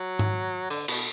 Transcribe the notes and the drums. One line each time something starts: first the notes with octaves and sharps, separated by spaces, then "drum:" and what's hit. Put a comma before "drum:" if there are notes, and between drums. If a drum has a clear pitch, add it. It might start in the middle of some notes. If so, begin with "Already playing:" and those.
Already playing: F#3
drum: tom G#2
D3, drum: open hi-hat
B2, drum: cymbal